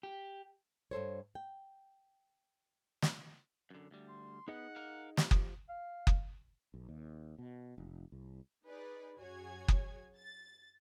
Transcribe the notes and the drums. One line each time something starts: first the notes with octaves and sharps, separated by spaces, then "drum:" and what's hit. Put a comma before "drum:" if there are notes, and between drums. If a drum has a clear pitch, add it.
G4
G2 A4 C5 C#5
G5
drum: snare
F#2 D3
D2 G3
C6
B3 D#4 G#4 D#5 F#5
A#4 F5
F3 G4, drum: snare
drum: kick F#1
F5
drum: kick F#1
B1
D#2
B2
F1
C2
D#4 G#4 B4 D5
F#2 F#4 G#4 C#5 G#5 G#6
drum: kick F#1
A6